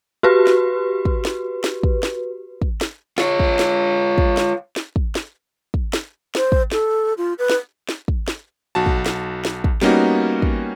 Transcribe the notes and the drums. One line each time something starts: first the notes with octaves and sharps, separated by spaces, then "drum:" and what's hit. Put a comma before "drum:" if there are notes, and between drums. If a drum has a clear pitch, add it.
F#4 G4 B4
drum: snare
drum: kick
drum: snare
drum: snare
drum: kick
drum: snare
drum: kick
drum: snare
F4 C#5, drum: snare
drum: kick
drum: snare
drum: kick
drum: snare
drum: snare
drum: kick
drum: snare
drum: kick
drum: snare
C5, drum: snare
drum: kick
A4, drum: snare
F4
B4
drum: snare
drum: snare
drum: kick
drum: snare
B1 F#4 A5
drum: kick
drum: snare
drum: snare
drum: kick
G3 A#3 B3 C#4 D#4 F#4, drum: snare
drum: kick